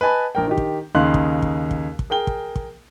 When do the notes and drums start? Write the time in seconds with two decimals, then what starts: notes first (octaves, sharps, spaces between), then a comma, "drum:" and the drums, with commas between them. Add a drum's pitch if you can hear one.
0.01 B4 D#5 G#5 A5 B5
0.35 A#1 A#4 G5
0.47 D#3 D#4 G4
0.57 drum: kick
0.95 D#2 C#3 D#4 F5 C6 F#6
1.14 drum: kick
1.42 drum: kick
1.71 drum: kick
1.99 drum: kick
2.10 G#4 A#4 G5 G7
2.27 drum: kick
2.56 drum: kick